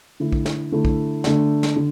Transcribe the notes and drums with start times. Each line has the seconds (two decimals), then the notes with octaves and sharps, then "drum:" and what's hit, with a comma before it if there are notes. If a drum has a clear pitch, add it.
0.20 D3 A3 E4
0.32 drum: kick
0.46 drum: snare
0.72 D3 A3 E4
0.85 drum: kick
1.24 D3 A3 D4, drum: snare
1.63 drum: snare
1.76 D3